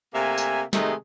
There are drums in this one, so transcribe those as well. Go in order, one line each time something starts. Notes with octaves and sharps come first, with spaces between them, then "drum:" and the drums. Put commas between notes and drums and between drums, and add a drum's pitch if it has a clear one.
C3 A3 A#3 E5 G#5
drum: tambourine
C3 D#3 G#3 A3 D#4 G#4, drum: snare